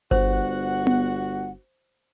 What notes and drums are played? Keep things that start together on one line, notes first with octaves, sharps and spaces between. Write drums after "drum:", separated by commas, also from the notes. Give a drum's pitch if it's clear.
G1 F#4 C5 F#5, drum: kick G1
drum: tom B3